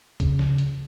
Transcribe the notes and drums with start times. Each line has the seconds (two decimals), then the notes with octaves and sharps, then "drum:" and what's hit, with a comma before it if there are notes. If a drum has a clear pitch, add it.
0.20 C#3, drum: kick, hi-hat
0.39 drum: snare
0.58 drum: hi-hat